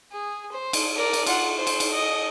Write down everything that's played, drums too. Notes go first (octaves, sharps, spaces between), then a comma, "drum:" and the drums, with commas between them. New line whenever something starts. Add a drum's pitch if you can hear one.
G#4
C5
drum: cymbal
A#4 D5
drum: cymbal
F4 F#5, drum: cymbal
C5
drum: cymbal
drum: cymbal
D#5